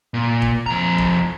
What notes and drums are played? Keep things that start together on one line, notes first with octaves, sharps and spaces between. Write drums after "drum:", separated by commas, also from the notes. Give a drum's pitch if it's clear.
A#2
drum: kick G#1
F2 A#5
drum: kick G#1